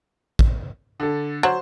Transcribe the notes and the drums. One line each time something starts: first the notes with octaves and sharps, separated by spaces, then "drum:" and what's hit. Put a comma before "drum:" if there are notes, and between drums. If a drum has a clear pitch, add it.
drum: kick
D3 A4
F#3 C5